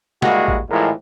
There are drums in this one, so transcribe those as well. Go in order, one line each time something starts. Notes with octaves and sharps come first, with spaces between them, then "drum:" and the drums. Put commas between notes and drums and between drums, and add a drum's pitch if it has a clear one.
G3 G#3 A#3 E4 F#4, drum: snare
drum: kick A1
G#1 A2 E3 F3 G#3 A#4